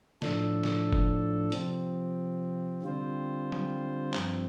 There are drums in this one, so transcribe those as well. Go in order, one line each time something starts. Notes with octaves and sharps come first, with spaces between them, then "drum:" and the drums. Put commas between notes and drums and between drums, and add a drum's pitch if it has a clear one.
A2 F3 D4 A4, drum: snare
drum: snare
drum: kick F#1
C3 F3 C4, drum: hi-hat
D3 G3 C4 F4 C5
drum: tom F#3
G2 F3 C4, drum: clap